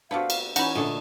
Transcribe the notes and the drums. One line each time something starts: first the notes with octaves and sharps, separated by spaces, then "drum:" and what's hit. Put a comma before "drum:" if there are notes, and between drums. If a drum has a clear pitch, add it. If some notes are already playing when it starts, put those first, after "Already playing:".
C3 A3 B3 D4 F#4 F5
drum: cymbal
E3 C#4 D#4 F#5 B5, drum: cymbal
A#2 D3 A3 A4 D#5